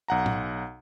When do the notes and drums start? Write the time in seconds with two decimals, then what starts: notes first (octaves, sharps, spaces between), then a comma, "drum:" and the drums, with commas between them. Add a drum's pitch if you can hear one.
0.08 B1 F#5 A#5
0.26 drum: tom